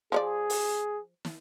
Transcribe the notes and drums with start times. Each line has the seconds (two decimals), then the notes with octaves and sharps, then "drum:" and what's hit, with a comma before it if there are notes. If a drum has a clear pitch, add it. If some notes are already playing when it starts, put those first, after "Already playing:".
0.12 F3 G#4 C#5 D5
0.50 drum: open hi-hat
1.25 drum: snare